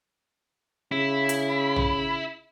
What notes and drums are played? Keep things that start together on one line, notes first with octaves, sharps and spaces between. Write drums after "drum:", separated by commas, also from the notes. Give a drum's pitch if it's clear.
C#3 E4
drum: hi-hat
drum: tom A#1